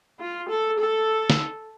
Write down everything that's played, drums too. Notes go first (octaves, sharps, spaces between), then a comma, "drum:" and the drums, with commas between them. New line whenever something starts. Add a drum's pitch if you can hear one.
F4
A4
A4
drum: snare